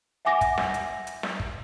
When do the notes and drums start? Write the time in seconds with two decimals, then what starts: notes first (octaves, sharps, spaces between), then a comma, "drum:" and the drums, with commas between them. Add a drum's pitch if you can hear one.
0.25 E5 F#5 G#5 D6 A#6
0.41 drum: kick, hi-hat
0.58 drum: snare
0.74 drum: hi-hat
1.07 drum: hi-hat
1.23 drum: snare
1.40 drum: kick